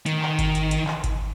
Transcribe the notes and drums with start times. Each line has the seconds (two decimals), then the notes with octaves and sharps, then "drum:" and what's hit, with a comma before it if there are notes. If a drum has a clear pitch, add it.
0.06 D#3, drum: hi-hat
0.22 drum: clap
0.39 drum: kick G#1, hi-hat
0.55 drum: hi-hat
0.71 drum: hi-hat
0.87 drum: clap
1.04 drum: kick G#1, hi-hat